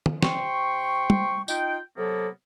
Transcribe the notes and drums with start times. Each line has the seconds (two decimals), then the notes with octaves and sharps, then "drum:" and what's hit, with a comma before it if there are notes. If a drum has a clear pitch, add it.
0.06 drum: tom
0.23 C3 G5 C6 C#6, drum: snare
1.10 drum: tom G3
1.48 D#4 F4 G5, drum: tambourine
1.97 C3 F#3 A#3 B3 A4